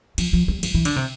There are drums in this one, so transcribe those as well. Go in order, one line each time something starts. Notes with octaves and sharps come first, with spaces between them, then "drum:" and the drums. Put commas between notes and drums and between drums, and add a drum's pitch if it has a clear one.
F3, drum: cymbal
F3
G3
F3, drum: cymbal
E3
D3, drum: cymbal
C3